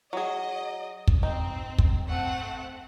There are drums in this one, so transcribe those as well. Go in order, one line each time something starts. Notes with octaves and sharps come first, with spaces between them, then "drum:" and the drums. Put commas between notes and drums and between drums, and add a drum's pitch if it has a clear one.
F#3 G#4 D#5
drum: kick
C4 D#4
drum: kick
A3 C4 F#5